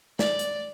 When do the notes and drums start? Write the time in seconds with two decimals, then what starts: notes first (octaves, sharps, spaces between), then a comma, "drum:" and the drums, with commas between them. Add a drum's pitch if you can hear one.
0.19 D5, drum: snare
0.39 drum: hi-hat